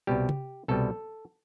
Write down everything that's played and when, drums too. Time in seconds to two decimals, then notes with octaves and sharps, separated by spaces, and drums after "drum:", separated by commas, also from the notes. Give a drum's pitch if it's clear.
0.07 C2 B2 G3 G4
0.29 drum: tom C3
0.68 C2 B2 G3 A4